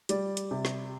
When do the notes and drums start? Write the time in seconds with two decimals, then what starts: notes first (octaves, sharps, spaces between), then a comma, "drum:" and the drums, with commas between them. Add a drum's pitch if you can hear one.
0.09 G3 D5, drum: hi-hat
0.37 drum: hi-hat
0.51 C3
0.65 drum: snare